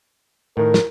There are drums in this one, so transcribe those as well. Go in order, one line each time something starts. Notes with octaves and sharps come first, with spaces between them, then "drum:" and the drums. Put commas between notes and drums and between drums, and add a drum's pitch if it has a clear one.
A2 D#3 A#4
drum: snare